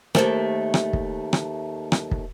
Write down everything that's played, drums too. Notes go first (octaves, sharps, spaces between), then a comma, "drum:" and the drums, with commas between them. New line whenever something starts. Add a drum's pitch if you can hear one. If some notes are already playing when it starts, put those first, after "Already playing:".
D#2 G#2 A3 A#4 C5, drum: rim click
drum: rim click
drum: kick
drum: rim click
drum: rim click
drum: kick